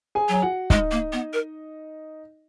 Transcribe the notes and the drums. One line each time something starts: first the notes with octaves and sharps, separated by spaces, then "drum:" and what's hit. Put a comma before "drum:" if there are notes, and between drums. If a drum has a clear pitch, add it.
G#4 G#5
F#3
G#5
F#4 F#5
G#3 D#4 D#5, drum: kick
A#3
B3
A#4